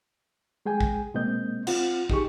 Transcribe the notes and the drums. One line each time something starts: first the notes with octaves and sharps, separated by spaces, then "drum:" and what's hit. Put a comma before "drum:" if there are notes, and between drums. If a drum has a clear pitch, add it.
G#3 G#4 G5 G#5
drum: kick
B2 G#3 A#3 C4 D#5 G6
C4 F4 F#5, drum: cymbal
D#4 G4 G#4 C#6, drum: kick